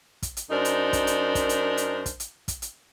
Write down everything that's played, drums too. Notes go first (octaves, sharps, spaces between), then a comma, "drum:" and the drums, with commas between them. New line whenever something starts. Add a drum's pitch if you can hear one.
drum: kick, hi-hat
drum: hi-hat
F#2 D4 D#4 A#4 C5
drum: hi-hat
drum: kick, hi-hat
drum: hi-hat
drum: kick, hi-hat
drum: hi-hat
drum: hi-hat
drum: kick, hi-hat
drum: hi-hat
drum: kick, hi-hat
drum: hi-hat